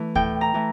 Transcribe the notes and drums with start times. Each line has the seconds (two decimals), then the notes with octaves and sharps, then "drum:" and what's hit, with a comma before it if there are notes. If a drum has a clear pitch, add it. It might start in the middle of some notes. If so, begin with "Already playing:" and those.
Already playing: E3 A3
0.15 A2 G5, drum: kick D2
0.41 A#5
0.54 E3 A3